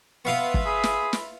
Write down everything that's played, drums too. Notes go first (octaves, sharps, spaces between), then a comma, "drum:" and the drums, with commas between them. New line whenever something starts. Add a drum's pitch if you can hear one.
B3 F4 B4 E5 F5 C#6
drum: kick
G#4 B5
drum: snare
drum: snare